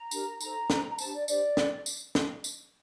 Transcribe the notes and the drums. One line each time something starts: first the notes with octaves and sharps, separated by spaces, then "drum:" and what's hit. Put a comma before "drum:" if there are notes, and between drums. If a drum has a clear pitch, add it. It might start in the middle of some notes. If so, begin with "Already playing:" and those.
Already playing: A#5
D4 G4 A#4, drum: tambourine
D#4 A4 C5 A#5, drum: tambourine
D#4 A4 C5, drum: snare
A#5
D4 G4 C5 A5, drum: tambourine
D5
D4 G4 C5 D5, drum: tambourine
drum: snare
drum: tambourine
drum: snare
drum: tambourine